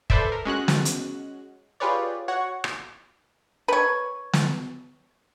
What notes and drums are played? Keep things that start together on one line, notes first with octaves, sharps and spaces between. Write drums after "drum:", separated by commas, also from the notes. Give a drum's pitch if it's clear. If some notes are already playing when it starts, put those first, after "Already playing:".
A4 B4 C5 D5 E5, drum: kick
A#4
G#3 C#4 F#4 F#6
drum: snare
drum: hi-hat
F4 G4 G#4 B4 C#5 D5
F#4 C#5 F#5 C#6
drum: rim click
B4 C#5
drum: snare